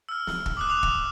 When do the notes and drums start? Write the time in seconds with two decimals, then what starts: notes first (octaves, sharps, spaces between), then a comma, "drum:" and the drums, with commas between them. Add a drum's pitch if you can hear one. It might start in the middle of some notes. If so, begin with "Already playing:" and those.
0.09 E6 F6
0.27 drum: snare
0.46 drum: kick
0.57 D6 D#6 F#6
0.69 D6 D#6 F7
0.83 drum: kick